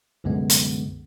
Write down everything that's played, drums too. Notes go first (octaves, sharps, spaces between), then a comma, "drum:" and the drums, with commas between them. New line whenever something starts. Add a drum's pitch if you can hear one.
C2 F#2 D3 G#3 B3
drum: hi-hat